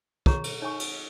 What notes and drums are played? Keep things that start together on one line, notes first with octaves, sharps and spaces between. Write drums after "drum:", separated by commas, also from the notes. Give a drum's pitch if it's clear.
G#4 C#5 A#5 C#6, drum: kick
drum: cymbal
D#4 C#5 G#5 C#6
drum: cymbal